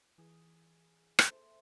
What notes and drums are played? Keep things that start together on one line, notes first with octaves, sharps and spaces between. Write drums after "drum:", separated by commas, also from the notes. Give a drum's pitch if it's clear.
E3 G#4
drum: rim click
A4 C5 E5